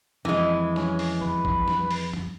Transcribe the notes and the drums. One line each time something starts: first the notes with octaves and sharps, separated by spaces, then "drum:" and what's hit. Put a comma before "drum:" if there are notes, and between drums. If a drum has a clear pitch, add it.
F2 E3 G#3
C#4, drum: snare
drum: open hi-hat
B4, drum: tom F2
drum: kick
drum: snare
drum: open hi-hat
drum: tom F2